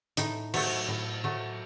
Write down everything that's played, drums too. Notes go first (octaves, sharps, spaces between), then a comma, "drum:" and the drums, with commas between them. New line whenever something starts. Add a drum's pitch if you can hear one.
A2 D#4, drum: hi-hat
F#3 A3, drum: cymbal
A2
F#3 A3